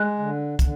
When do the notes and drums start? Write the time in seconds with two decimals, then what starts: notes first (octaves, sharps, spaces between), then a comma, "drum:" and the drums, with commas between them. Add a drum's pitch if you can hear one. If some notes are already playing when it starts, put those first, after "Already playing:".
Already playing: G#3 F#6
0.19 D3
0.59 D3, drum: kick, hi-hat